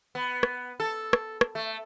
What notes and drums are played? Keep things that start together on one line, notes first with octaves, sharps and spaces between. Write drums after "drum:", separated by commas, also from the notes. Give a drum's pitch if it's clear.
B3
drum: rim click
A4
drum: rim click
drum: rim click
A3